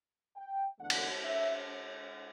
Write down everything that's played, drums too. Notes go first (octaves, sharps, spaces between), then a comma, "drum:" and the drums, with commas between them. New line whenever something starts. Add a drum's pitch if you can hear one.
G5
E2 D3 A3 D4 F#5
drum: cymbal
E5